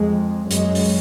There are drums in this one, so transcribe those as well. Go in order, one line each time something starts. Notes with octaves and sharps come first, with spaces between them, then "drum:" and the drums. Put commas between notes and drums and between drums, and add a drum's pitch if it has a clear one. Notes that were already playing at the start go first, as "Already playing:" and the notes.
Already playing: F2 G#3
F#2 G#3, drum: hi-hat
drum: open hi-hat